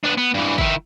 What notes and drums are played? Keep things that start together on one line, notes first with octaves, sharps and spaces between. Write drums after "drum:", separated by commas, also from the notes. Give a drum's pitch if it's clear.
B3 D4
B3
G2 E3
D#3 E4, drum: kick